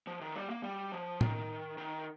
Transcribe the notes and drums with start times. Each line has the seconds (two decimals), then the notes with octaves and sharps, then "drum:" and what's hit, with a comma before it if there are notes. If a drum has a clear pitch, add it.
0.07 F3
0.21 D#3
0.35 G3
0.50 A#3
0.63 G3
0.92 F3
1.21 D#3, drum: tom A2
1.78 D#3